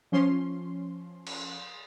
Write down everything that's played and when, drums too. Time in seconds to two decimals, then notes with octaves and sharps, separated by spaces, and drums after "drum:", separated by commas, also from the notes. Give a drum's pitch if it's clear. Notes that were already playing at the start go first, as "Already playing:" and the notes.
0.12 F3 C#4 C6
1.27 drum: cymbal